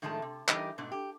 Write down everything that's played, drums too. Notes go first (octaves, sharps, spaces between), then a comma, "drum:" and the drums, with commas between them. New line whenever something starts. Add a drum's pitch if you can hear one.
A2 D#3 F3 G#3 A3 A5
C3
E3 G3 D#4 G4 A#4 D#5, drum: clap
G#2 B2 A3 D4
G4